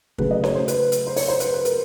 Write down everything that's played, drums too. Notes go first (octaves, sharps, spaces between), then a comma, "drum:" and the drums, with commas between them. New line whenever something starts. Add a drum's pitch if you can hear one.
C#3 F#3 A3 B4, drum: kick
D#5
C#5, drum: snare C#4
C5
B4, drum: hi-hat
drum: hi-hat
C5
C#5, drum: open hi-hat
C5
B4, drum: hi-hat
B4
A#4, drum: hi-hat